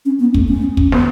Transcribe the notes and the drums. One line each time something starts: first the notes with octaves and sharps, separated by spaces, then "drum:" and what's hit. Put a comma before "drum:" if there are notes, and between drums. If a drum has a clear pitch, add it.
C#4
B3
A3, drum: kick
C#4
drum: kick
B3, drum: snare